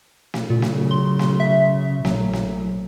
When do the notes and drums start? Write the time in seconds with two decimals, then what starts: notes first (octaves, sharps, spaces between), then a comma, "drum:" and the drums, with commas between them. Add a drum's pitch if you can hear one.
0.34 drum: snare
0.50 A#2 C#3 F#3
0.62 drum: snare
0.91 C6
1.19 drum: snare
1.40 E5
2.05 A#1 F#3, drum: snare
2.33 drum: snare